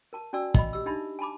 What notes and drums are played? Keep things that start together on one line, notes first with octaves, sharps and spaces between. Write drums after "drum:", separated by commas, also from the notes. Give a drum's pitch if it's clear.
A#4 A5
C#4 F#4 D5 G#5 E6
D#5 B5, drum: kick
G4 E6
D4 D#4 G4 E5 A5 B5
G#5 A5 B5 D6